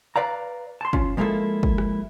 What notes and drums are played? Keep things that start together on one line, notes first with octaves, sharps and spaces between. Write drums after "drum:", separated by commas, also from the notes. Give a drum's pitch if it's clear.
B4 D5 F5 A#5
A5 C6
C#4 F4, drum: kick
F3 G#3 A#3 E4 F4 A4
drum: kick
drum: rim click